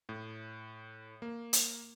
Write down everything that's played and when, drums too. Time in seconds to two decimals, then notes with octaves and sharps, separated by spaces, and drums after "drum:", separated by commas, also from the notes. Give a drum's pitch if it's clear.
0.09 A2
1.22 A#3
1.53 drum: hi-hat